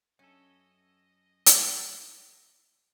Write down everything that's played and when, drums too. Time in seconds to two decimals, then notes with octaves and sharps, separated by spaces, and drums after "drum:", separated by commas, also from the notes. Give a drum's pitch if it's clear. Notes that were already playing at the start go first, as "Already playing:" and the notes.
0.19 F#2 C#4 A4 D#5
1.46 drum: hi-hat